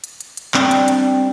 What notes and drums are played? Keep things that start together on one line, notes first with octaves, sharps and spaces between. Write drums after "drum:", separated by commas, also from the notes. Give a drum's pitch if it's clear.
drum: hi-hat
drum: hi-hat
drum: hi-hat
G3 C4 D4 D5 G5, drum: clap
drum: hi-hat
drum: hi-hat